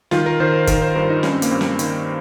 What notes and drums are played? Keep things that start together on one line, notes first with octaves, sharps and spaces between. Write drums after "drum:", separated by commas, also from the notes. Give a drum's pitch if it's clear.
D#3 F4, drum: snare
A#4
D#3 C5
A#4
D#3 A#4, drum: kick, hi-hat
C5
G2 A#4
D#4
G2 C#4, drum: snare
C4
A#3, drum: hi-hat
G2 C4
drum: snare
D#3, drum: hi-hat